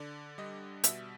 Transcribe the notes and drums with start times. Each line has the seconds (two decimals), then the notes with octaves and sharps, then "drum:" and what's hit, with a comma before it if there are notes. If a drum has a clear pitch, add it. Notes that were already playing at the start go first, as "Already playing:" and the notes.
Already playing: D3 D5
0.38 G3 D#5
0.84 B2 E5, drum: hi-hat